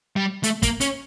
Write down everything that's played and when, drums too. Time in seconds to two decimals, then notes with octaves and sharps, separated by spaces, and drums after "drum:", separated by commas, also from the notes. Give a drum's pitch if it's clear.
0.16 G3
0.44 A3, drum: hi-hat
0.63 A#3, drum: kick, hi-hat
0.81 C#4, drum: hi-hat